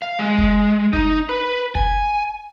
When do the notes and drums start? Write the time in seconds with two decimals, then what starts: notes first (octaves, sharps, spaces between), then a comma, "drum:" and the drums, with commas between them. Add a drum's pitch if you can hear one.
0.02 F5
0.19 G#3
0.38 drum: kick F1
0.93 D#4, drum: kick F1
1.29 B4
1.75 G#5, drum: kick F1